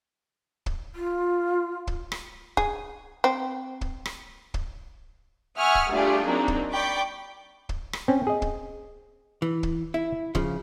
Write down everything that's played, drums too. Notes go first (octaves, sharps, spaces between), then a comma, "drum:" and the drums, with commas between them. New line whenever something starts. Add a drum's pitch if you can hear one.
drum: kick
F4
drum: kick
drum: rim click
G#4, drum: kick
C4
drum: kick
drum: rim click
drum: kick
E5 F#5 G#5 C#6 D#6 F6
drum: kick
G3 A3 D4 F4 G4 G#4
F#3 A#3 C4 D4 D#4
drum: kick
D5 G5 B5 C#6 D6
drum: kick
drum: rim click
C4 C#4
G#4 D#5
drum: kick
E3
drum: kick
E4
C#3 F3, drum: kick